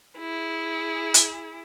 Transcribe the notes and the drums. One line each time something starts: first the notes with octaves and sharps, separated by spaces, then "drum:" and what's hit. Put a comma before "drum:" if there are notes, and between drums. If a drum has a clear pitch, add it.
E4 G#4
drum: hi-hat